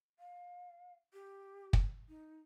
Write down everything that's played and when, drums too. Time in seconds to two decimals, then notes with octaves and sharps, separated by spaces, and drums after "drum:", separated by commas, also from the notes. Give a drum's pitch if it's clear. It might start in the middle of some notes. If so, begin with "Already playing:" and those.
0.19 F5
1.13 G4
1.73 drum: kick
2.08 D#4